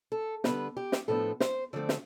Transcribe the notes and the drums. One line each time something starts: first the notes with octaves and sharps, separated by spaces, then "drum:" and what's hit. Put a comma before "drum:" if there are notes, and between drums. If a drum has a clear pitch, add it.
A4
D3 G3 B3 B4, drum: snare
G4
drum: snare
A2 F3 B3 D4 A4
C5, drum: snare
D3 F3 A3 C4 D5
drum: snare